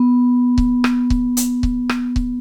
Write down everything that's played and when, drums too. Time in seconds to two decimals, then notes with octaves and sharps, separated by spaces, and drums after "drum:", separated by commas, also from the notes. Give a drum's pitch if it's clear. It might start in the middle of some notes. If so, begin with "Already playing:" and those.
Already playing: B3
0.58 drum: kick C#1
0.84 drum: rim click
1.10 drum: kick C#1
1.37 drum: hi-hat
1.63 drum: kick C#1
1.89 drum: rim click
2.16 drum: kick C#1